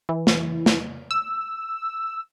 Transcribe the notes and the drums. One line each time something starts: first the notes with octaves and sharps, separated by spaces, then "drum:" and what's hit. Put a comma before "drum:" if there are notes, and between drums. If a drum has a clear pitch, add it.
E3
drum: snare
drum: snare
E6